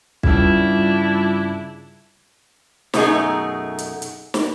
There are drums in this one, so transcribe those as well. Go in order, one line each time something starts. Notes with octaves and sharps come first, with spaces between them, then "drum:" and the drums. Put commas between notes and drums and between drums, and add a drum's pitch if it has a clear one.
G2 C#3 G3 D4 E4 F4, drum: kick
F#2 B2 A3 D#4 G#4, drum: snare
drum: hi-hat
drum: hi-hat
drum: snare